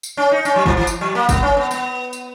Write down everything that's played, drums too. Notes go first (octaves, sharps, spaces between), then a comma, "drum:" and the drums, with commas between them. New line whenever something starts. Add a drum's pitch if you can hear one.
drum: tambourine
C#4
D#4
C#4, drum: tambourine
F#3
E3, drum: kick G1
E3
drum: tambourine
F#3
A#3
B3, drum: kick G1, tambourine
C#4
B3
B3, drum: tambourine
drum: tambourine